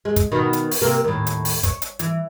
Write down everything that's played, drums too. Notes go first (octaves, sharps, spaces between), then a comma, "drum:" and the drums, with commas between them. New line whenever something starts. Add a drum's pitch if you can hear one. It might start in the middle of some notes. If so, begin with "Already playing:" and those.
G#3
drum: kick, hi-hat
B2 D#3
drum: hi-hat
drum: open hi-hat
C3 A#3 A#4
D#2 A2
drum: hi-hat
drum: open hi-hat
C#5, drum: kick, hi-hat
drum: hi-hat
E3, drum: hi-hat